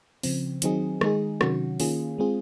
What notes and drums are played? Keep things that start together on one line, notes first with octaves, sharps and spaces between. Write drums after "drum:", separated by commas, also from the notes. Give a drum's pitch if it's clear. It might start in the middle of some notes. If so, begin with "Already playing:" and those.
C#3 F3 C4, drum: open hi-hat
D#3 F#3 C4 D#4 G#4, drum: hi-hat
D#3 G#3 D#4 G#4, drum: rim click
C3 D#3 F#3 C#4 F#4, drum: rim click
D#3 A#3 C#4 F4 G#4, drum: open hi-hat
G#3 C4 F4 G#4